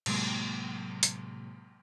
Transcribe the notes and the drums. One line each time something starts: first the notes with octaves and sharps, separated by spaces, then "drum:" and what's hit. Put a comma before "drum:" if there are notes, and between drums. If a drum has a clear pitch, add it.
A2 C3 F#3 G#3 A#3, drum: cymbal
drum: hi-hat